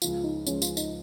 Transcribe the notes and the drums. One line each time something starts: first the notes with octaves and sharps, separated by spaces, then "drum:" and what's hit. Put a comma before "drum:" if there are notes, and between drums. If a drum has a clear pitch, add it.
C#2 C#3 F3 G#3 F4, drum: tambourine
D#4
C#2 C#3 F3 G#3 C#4, drum: tambourine
F4, drum: tambourine
D#4, drum: tambourine